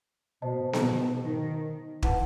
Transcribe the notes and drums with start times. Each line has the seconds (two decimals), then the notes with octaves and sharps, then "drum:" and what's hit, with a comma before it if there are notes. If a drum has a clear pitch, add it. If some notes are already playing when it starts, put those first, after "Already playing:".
0.42 B2 C5 D#5 A5
0.73 drum: snare B3
0.83 B2
1.23 D#3
2.03 E4 B4 F#5 A5, drum: kick